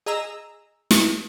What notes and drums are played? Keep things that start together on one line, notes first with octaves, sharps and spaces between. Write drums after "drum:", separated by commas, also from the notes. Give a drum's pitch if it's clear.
G#4 D#5 A#5 E6
drum: snare